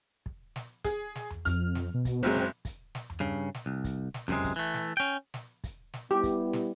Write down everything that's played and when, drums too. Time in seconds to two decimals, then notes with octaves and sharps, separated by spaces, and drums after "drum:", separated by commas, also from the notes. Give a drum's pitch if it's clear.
0.26 drum: kick
0.56 drum: snare
0.84 G#4, drum: kick, hi-hat
1.15 drum: snare
1.30 drum: tom E2
1.45 F2 F6, drum: kick, hi-hat
1.75 drum: snare
1.94 B2
2.05 drum: kick, hi-hat
2.23 F#1 F#3 G#3 C4
2.35 drum: snare
2.65 drum: kick, hi-hat
2.95 drum: snare
3.10 drum: tom E2
3.20 G2 C#3
3.54 drum: snare
3.66 C2
3.84 drum: kick, hi-hat
4.14 drum: snare
4.28 C#2 F#2 A2 C3 G#3, drum: tom E2
4.44 drum: kick, hi-hat
4.56 E3 A3
4.74 drum: snare
4.97 C#4 G5
5.34 drum: snare
5.64 drum: kick, hi-hat
5.94 drum: snare
6.11 G3 B3 E4 G4
6.23 drum: kick, hi-hat
6.53 drum: snare